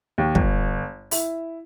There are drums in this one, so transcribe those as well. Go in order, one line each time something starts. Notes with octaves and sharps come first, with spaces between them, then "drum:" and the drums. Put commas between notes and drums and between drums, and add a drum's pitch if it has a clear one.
D#2
G1, drum: kick
E4, drum: open hi-hat